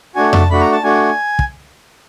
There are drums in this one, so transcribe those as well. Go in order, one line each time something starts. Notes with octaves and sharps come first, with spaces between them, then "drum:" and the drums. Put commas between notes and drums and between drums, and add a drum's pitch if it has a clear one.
A3 D4 F#4 G#5
A5, drum: tom F2
A3 D4 F#4 B5
A#5
A5
A3 D4 F#4 G#5
drum: kick